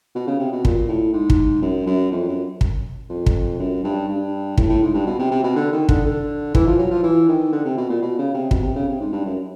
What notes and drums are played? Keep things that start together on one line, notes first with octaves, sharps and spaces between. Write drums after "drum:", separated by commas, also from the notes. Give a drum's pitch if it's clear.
B2
C#3
C3
B2
A#2, drum: kick
A2
G#2
drum: kick
F#2
F#2
F2
F#2
drum: kick
F2
drum: kick
F#2
G2
G2
A2, drum: kick
A2
G#2
G2
B2
C3
C3
B2
D3
D#3
D3, drum: kick
D3
E3, drum: kick
F3
F#3
F3
E3
D#3
D3
C3
B2
A#2
B2
C#3
C3
B2, drum: kick
C3
C#3
C3
G#2
G2
F#2